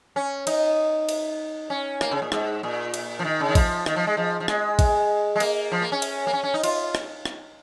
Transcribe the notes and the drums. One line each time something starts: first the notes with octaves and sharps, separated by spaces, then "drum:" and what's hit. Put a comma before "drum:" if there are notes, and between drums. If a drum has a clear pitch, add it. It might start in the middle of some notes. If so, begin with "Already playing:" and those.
C#4
D#4, drum: cymbal
drum: cymbal
C#4
A#3, drum: rim click
C#3
A#2
G#2, drum: rim click
A#2
drum: cymbal
F3
D#3
C#3
D#3
F3, drum: kick A1, cymbal
D#3, drum: rim click
F3
G#3
F3
F3
G#3, drum: rim click
drum: kick A1, cymbal
G#3
A#3, drum: cymbal
F3
A#3
C#4
drum: cymbal
A#3
C#4
C#4
D#4
F4, drum: cymbal
drum: rim click
drum: rim click